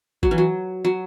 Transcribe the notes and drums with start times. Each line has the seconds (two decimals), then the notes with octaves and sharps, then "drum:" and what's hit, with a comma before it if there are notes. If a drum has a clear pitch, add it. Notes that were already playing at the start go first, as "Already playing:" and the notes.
0.23 F#3, drum: kick G#1
0.31 E3
0.38 F#3
0.85 F#3